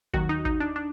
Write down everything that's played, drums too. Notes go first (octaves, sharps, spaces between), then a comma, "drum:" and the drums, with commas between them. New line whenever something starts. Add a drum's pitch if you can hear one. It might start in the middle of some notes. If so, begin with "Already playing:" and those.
D#2 D#3 F#3 F#4, drum: kick
D#4
D#4, drum: kick
D4
D4